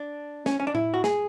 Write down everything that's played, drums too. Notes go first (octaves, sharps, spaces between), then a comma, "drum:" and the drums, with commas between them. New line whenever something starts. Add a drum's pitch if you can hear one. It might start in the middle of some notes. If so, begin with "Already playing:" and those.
Already playing: D4
C#4, drum: snare
C#4
D4
E4, drum: tom A2
F#4
G#4, drum: snare